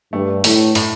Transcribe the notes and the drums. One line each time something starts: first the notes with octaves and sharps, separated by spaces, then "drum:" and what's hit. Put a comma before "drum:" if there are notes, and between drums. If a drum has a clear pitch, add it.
G2 A3
A2 A3, drum: open hi-hat
A2, drum: open hi-hat